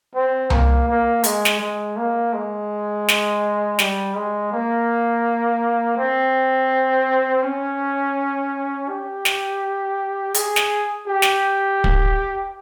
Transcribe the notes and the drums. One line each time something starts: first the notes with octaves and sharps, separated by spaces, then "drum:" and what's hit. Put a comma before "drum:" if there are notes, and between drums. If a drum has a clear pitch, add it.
C4
A#3, drum: tom C2
A#3
G#3, drum: hi-hat
drum: snare
G#3
A#3
G#3
drum: snare
G3, drum: snare
G#3
A#3
C4
C#4
G4
drum: snare
G#4, drum: hi-hat
drum: snare
G4
drum: snare
drum: kick